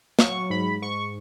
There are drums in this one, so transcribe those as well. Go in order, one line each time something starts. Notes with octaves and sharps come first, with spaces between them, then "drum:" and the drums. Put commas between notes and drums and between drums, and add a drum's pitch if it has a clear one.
F#3 C#6, drum: snare
G#2 B5
G#2 C#6